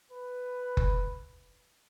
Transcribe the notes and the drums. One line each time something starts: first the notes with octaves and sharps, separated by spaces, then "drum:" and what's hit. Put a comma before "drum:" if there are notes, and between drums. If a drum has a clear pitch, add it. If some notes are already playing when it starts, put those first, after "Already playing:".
B4
drum: kick F#1